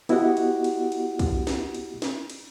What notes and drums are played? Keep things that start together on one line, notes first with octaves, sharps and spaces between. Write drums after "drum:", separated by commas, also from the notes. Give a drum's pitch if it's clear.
B3 E4 F#4 G4 D#5 F#5, drum: cymbal
drum: cymbal
drum: cymbal
drum: cymbal
drum: kick, cymbal
drum: snare
drum: cymbal
drum: snare
drum: cymbal